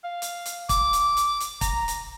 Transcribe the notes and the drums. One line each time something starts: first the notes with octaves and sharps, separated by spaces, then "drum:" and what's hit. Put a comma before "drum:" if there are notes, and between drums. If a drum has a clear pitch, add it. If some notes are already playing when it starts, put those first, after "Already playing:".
F5
drum: hi-hat
drum: hi-hat
D6, drum: kick, hi-hat
drum: hi-hat
drum: hi-hat
drum: hi-hat
A#5, drum: kick, hi-hat
drum: hi-hat